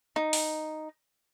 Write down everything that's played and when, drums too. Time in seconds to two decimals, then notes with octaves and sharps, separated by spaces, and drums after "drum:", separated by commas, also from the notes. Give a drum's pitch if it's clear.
0.16 D#4
0.33 drum: open hi-hat